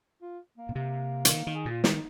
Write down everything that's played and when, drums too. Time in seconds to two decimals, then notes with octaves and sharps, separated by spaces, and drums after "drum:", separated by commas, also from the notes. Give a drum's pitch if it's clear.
0.22 F4
0.58 A#3
0.69 A#2
0.75 C3 A#3
1.25 F3, drum: hi-hat
1.29 D#3
1.47 D#3
1.55 G#4
1.65 A#2 F4
1.84 D#3 D#4, drum: snare